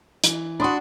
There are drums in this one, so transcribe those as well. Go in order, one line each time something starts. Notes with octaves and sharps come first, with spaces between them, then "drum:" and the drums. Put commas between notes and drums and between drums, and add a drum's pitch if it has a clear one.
E3, drum: hi-hat
D4 F#4 B5 C6 D#6